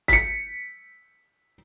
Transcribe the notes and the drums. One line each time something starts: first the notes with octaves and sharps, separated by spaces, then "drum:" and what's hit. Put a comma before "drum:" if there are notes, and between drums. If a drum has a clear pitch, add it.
B6 C#7, drum: kick, hi-hat